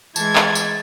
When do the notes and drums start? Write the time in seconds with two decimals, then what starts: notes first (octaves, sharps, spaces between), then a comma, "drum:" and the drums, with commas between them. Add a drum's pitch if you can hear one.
0.16 E3 G#3 A5 G#6, drum: tambourine
0.36 drum: clap
0.55 drum: tambourine